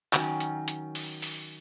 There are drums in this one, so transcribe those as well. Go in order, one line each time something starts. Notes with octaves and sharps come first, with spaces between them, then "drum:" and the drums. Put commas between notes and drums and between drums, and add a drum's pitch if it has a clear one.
D#3 F#3 C#4, drum: clap
drum: hi-hat
drum: hi-hat
drum: open hi-hat
drum: open hi-hat